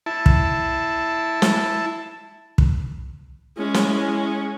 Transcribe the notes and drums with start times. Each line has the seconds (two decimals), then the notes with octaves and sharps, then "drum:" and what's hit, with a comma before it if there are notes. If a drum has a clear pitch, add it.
0.06 E4 A5
0.26 drum: kick
1.42 drum: snare
2.58 drum: kick
3.57 G#3 C#4 E4
3.74 drum: snare